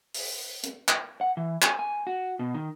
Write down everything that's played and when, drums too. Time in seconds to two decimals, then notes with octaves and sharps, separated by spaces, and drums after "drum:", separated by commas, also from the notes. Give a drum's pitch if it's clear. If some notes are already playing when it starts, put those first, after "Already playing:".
0.14 drum: open hi-hat
0.64 drum: hi-hat
0.88 drum: clap
1.21 F#5
1.37 E3
1.62 G#5, drum: clap
1.79 G#5
2.07 F#4
2.39 B2
2.54 D#3